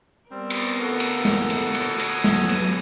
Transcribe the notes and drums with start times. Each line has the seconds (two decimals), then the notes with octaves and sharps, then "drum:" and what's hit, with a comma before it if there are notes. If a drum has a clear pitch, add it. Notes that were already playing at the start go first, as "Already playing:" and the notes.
0.31 G3 B3 C4 A#4
0.50 drum: cymbal
0.81 D2 A4 F#5
1.00 drum: cymbal
1.25 drum: snare
1.50 drum: cymbal
1.75 drum: cymbal
1.90 F#4 D#6 G#6
1.99 drum: cymbal
2.24 F#3 B3, drum: snare
2.49 drum: cymbal